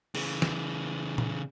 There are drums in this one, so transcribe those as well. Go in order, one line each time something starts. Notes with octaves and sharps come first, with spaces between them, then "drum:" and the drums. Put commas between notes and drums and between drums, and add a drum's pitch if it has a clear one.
C#3 E3, drum: cymbal
drum: snare
drum: tom A#2